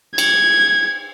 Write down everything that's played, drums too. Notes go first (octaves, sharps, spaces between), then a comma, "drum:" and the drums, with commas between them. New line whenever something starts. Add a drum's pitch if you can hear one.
G#6, drum: cymbal